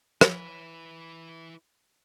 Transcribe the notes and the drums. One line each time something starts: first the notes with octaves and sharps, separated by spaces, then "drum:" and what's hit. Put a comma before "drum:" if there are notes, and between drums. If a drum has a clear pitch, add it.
E4 B4, drum: rim click